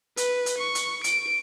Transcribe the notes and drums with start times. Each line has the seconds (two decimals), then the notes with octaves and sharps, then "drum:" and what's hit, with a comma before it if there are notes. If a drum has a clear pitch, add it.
0.17 B4, drum: hi-hat
0.46 drum: hi-hat
0.58 C#6
0.75 drum: hi-hat
1.04 D7, drum: hi-hat